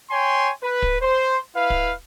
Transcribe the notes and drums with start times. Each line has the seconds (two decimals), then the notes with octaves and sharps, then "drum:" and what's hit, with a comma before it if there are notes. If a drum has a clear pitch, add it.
0.11 C#5 G5 G#5 C6
0.63 B4
0.82 drum: kick
1.01 C5
1.56 E4 B4 F5
1.70 drum: kick